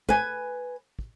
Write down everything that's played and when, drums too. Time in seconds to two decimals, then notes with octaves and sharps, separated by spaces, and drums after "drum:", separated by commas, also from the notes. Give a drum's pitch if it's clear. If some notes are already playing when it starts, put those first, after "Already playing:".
0.09 B4 G#5, drum: kick
0.99 drum: kick